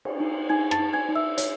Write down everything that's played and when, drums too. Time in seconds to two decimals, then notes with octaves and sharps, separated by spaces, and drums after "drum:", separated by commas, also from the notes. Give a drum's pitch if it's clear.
0.05 drum: cymbal
0.20 D#4
0.49 D#4 G#5 G#6
0.71 A5 A6, drum: rim click
0.79 D#4
0.93 G#5 G#6
1.09 D#4
1.15 E5 E6
1.38 C#5, drum: hi-hat